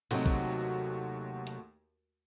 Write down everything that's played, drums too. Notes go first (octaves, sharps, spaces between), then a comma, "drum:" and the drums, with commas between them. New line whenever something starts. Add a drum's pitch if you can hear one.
D#2 C3 F#3 A3 D#4 F#4, drum: cymbal
drum: kick B1
drum: hi-hat